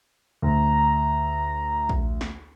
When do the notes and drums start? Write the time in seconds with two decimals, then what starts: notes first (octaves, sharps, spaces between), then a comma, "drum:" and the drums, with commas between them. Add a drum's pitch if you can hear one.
0.42 D2 A#5
1.89 drum: kick A#1
2.21 drum: snare